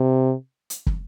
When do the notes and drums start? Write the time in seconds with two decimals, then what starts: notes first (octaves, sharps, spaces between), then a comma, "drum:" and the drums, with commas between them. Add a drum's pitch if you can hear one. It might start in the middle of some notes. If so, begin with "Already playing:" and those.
Already playing: C3
0.70 drum: hi-hat
0.86 drum: kick